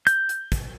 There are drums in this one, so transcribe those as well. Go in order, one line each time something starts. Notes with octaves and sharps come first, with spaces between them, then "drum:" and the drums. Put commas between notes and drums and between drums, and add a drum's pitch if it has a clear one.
G6, drum: hi-hat
drum: hi-hat
drum: kick, hi-hat